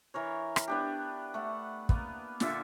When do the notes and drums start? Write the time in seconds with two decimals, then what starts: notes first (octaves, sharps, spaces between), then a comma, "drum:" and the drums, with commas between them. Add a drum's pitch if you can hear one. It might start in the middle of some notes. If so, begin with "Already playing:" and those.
0.14 E3 A#4 C#5
0.56 drum: rim click
0.68 B3 D4 G4
1.34 A3 F#5
1.89 A#3 B3, drum: kick
2.40 A#2 D3 E5, drum: snare